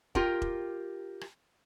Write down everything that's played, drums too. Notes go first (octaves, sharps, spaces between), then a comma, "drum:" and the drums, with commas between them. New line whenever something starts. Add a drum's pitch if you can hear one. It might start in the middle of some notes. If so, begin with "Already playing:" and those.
F4 G4 A#4 G5, drum: kick E1
drum: kick E1
drum: rim click